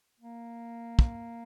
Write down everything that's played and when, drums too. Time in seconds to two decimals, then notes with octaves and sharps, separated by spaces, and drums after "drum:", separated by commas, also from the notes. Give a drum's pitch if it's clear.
0.20 A#3
0.99 drum: kick